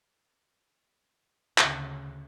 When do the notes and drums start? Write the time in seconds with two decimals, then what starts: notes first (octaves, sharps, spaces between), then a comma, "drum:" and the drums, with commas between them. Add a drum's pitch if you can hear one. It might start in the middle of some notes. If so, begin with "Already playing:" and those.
1.58 D2 C#3, drum: clap